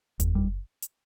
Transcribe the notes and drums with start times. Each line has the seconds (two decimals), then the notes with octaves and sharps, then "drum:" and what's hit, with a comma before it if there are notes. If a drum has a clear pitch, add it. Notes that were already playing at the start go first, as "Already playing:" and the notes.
0.20 E2, drum: kick F#1, hi-hat
0.35 G3
0.82 drum: hi-hat